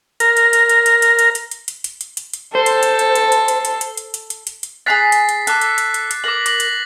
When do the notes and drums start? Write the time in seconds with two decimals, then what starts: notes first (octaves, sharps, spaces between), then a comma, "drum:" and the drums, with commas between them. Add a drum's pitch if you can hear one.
0.20 A#4, drum: hi-hat
0.37 drum: hi-hat
0.53 drum: hi-hat
0.69 drum: hi-hat
0.86 drum: hi-hat
1.02 drum: hi-hat
1.19 drum: hi-hat
1.35 drum: hi-hat
1.51 drum: hi-hat
1.68 drum: hi-hat
1.84 drum: hi-hat
2.01 drum: hi-hat
2.17 drum: hi-hat
2.33 drum: hi-hat
2.55 A4 C5
2.66 drum: hi-hat
2.83 drum: hi-hat
2.99 drum: hi-hat
3.15 drum: hi-hat
3.32 drum: hi-hat
3.48 drum: hi-hat
3.65 drum: hi-hat
3.81 drum: hi-hat
3.97 drum: hi-hat
4.14 drum: hi-hat
4.30 drum: hi-hat
4.47 drum: hi-hat
4.63 drum: hi-hat
4.86 G#4 A#5 F#6 A6 B6 C7
5.12 drum: hi-hat
5.29 drum: hi-hat
5.47 A4 D6 F#6, drum: hi-hat
5.61 drum: hi-hat
5.78 drum: hi-hat
5.94 drum: hi-hat
6.11 drum: hi-hat
6.24 A#4 D6 A#6 F#7
6.46 D6 A#6 F#7, drum: hi-hat
6.60 drum: hi-hat